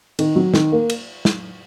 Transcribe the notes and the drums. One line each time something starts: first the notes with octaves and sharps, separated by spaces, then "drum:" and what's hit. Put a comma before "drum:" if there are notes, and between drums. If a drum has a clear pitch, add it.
D#3, drum: cymbal
F#3
D#3, drum: snare
A#3
drum: cymbal
drum: snare